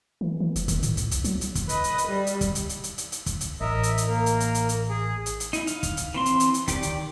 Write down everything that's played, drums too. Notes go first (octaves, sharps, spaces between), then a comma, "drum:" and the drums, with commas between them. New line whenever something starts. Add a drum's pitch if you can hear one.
E3
E3
F#1, drum: hi-hat
D#3, drum: kick, hi-hat
A2, drum: hi-hat
B1, drum: hi-hat
B1, drum: hi-hat
F#3, drum: hi-hat
drum: hi-hat
drum: kick, hi-hat
B4 D#5, drum: hi-hat
drum: hi-hat
drum: hi-hat
G3
drum: hi-hat
drum: kick, hi-hat
drum: hi-hat
drum: hi-hat
drum: hi-hat
drum: hi-hat
drum: hi-hat
drum: kick, hi-hat
drum: hi-hat
A1 A#4 D#5 E5
drum: hi-hat
drum: hi-hat
A#3 A#4
drum: hi-hat
drum: hi-hat
drum: hi-hat
drum: hi-hat
G#4
drum: hi-hat
drum: hi-hat
D#4 E4, drum: hi-hat
F5, drum: hi-hat
drum: kick, hi-hat
drum: hi-hat
E3 C4 C6
drum: hi-hat
drum: hi-hat
drum: hi-hat
D#3 G4 D5 D6, drum: kick, hi-hat
drum: hi-hat